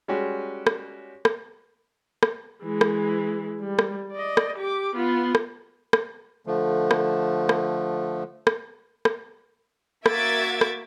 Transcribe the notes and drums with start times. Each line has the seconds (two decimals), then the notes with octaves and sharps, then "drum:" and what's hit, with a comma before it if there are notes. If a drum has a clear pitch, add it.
0.08 G3 G#3 C#4 F#4 G4
0.67 drum: rim click
1.25 drum: rim click
2.23 drum: rim click
2.62 E3 G#3
2.81 drum: rim click
3.61 G3
3.79 drum: rim click
4.12 D5 D#5
4.37 drum: rim click
4.56 G4 D6
4.96 B3 F4
5.35 drum: rim click
5.93 drum: rim click
6.47 D3 F3 A3
6.91 drum: rim click
7.49 drum: rim click
8.47 drum: rim click
9.05 drum: rim click
10.06 A#3 F#4 E5 G#6 A6 D7, drum: rim click
10.61 drum: rim click